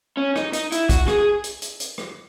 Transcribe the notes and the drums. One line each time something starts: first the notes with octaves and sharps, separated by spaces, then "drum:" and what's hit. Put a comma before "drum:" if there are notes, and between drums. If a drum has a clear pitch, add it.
C#4
D#4, drum: rim click
D#4, drum: hi-hat
E4, drum: hi-hat
F#4, drum: kick, hi-hat
G#4, drum: rim click
G#4
drum: hi-hat
drum: hi-hat
drum: hi-hat
drum: rim click